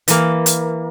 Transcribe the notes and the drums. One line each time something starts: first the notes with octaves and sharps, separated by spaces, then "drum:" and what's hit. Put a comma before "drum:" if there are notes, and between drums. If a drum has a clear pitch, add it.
E3 A#3, drum: hi-hat
drum: hi-hat